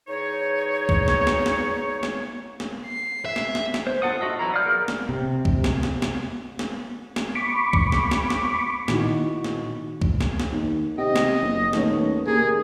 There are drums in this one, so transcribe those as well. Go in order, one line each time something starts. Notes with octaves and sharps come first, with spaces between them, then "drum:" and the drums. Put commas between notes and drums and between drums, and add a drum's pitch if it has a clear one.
E2 D#4 G#4 C#5
drum: kick
drum: snare
drum: snare
drum: snare
drum: snare
drum: snare
C7
E5
drum: snare
drum: snare
drum: snare
C5
F4 A4 F#5 D#6
F4 F#4 D#5 E5
F#3 B3 E4 A#5
D5 F5 D#6 F6 G6
B3 E4 G#4 A#4
drum: snare
C3
drum: kick
drum: snare
drum: snare
drum: snare
drum: snare
drum: snare
B5 C#6 D6
drum: kick
drum: snare
drum: snare
drum: snare
A#2 D#3 D#4 E4 F#4, drum: snare
drum: snare
drum: kick
drum: snare
drum: snare
D#2
C3 D#5 G5
drum: snare
F#1
D#2 A3 B3 C#4, drum: snare
A#3 D#4 G4 G#4